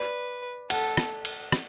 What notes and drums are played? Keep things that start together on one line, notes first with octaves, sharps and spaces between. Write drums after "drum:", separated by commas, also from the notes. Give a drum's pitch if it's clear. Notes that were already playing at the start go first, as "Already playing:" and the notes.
Already playing: B4 D5
A4 F#5, drum: cymbal
drum: rim click
drum: cymbal
drum: rim click